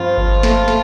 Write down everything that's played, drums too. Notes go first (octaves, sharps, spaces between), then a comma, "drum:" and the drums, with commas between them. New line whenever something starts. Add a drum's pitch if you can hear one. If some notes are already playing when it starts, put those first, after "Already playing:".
Already playing: G2 F3 C4 F4
F3, drum: kick G1
A3, drum: snare
A3, drum: snare